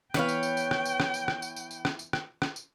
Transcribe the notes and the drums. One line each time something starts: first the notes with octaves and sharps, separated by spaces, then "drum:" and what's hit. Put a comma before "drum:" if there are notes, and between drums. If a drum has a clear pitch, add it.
E3 B3 B4 C#5 F5 G5, drum: rim click
drum: tambourine
drum: tambourine
drum: tambourine
drum: rim click
drum: tambourine
drum: rim click
drum: tambourine
drum: rim click
drum: tambourine
drum: tambourine
drum: tambourine
drum: rim click
drum: tambourine
drum: rim click
drum: rim click
drum: tambourine